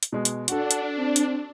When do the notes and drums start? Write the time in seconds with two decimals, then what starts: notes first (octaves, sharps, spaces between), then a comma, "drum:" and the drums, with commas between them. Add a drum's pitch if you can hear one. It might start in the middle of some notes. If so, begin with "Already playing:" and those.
0.03 drum: hi-hat
0.12 B2 G#3
0.25 drum: hi-hat
0.48 D4 F#4 A4 F#5, drum: hi-hat
0.71 drum: hi-hat
0.97 C4
1.16 drum: hi-hat